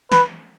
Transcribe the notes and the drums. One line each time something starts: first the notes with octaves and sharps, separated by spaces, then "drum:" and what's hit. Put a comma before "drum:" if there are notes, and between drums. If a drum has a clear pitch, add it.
B4, drum: snare